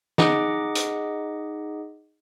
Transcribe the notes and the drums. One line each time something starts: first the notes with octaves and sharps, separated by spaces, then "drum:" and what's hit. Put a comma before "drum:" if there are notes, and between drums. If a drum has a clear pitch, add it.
D#4 G#4 D#5 F#5 D6, drum: snare
drum: hi-hat